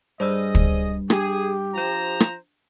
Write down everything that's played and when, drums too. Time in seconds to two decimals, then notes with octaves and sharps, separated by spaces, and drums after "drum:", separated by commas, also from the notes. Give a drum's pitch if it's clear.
0.20 G2 G#4 C5 D5 D#5 E6
0.55 drum: kick
1.10 D4 G4 G#4, drum: rim click
1.74 F3 C5 A#5
2.20 drum: rim click